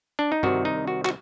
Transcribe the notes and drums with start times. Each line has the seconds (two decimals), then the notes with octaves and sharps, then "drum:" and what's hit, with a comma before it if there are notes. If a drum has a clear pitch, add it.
0.19 D4
0.32 D#4
0.43 C2 C3 D#3 F#4, drum: tom G2
0.65 D#4
0.87 F#4
1.05 F#4, drum: clap